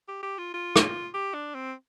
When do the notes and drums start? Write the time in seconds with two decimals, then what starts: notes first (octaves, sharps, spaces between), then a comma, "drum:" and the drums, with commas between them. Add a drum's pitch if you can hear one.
0.08 G4
0.23 G4
0.38 F4
0.54 F4
0.76 drum: rim click
1.14 G4
1.34 D4
1.55 C4